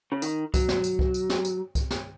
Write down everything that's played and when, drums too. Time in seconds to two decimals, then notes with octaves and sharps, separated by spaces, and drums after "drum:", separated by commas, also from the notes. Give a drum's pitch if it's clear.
0.12 C#3
0.22 D#3, drum: tambourine
0.54 F#3, drum: kick C2, tambourine
0.69 drum: snare
0.84 drum: tambourine
0.99 drum: kick C2
1.14 drum: tambourine
1.30 drum: snare
1.45 drum: tambourine
1.75 drum: kick C2, tambourine
1.91 drum: snare